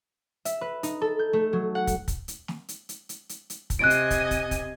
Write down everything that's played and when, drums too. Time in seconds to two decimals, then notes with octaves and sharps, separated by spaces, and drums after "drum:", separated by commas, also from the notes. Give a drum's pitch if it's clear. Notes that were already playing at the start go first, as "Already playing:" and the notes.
0.45 E5, drum: hi-hat
0.61 B4
0.83 D#4, drum: hi-hat
1.01 A4
1.19 G6
1.33 A3
1.53 F#3
1.75 F#5
1.87 drum: kick, hi-hat
2.08 drum: kick, hi-hat
2.28 drum: hi-hat
2.48 drum: snare
2.69 drum: hi-hat
2.89 drum: hi-hat
3.09 drum: hi-hat
3.29 drum: hi-hat
3.50 drum: hi-hat
3.70 drum: kick, hi-hat
3.79 C3 D#5 G#5 F#6 D7
3.90 drum: hi-hat
4.11 drum: kick, hi-hat
4.31 drum: kick, hi-hat
4.51 drum: kick, hi-hat